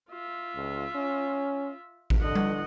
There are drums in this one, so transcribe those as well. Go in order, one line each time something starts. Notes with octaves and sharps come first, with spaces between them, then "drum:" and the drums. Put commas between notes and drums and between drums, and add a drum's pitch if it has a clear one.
F4 E5
C#2
C#4
drum: kick A1
D3 D#5 F#5
drum: tom G3